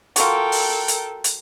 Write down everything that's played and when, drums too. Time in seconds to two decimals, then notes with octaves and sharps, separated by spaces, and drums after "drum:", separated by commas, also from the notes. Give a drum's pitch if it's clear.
0.16 F4 F#4 A4 A#4 G5, drum: hi-hat
0.52 drum: open hi-hat
0.88 drum: hi-hat
1.24 drum: hi-hat